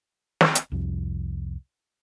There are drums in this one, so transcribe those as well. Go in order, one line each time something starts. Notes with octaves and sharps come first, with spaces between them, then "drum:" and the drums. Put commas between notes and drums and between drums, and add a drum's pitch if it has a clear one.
drum: snare
drum: hi-hat
C2 F2